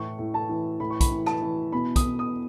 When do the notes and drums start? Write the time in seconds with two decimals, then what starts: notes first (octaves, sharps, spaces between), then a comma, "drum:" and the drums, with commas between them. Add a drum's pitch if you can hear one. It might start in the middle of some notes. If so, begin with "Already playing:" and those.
Already playing: A2 E3 C#6
0.19 A2
0.34 A5
0.49 E3
0.80 A2 B5
0.90 C#6
1.01 B5, drum: kick, hi-hat
1.11 E3
1.26 A5, drum: rim click
1.42 E3
1.73 B2 B5
1.96 D#6, drum: kick, hi-hat
2.03 B2
2.19 D#6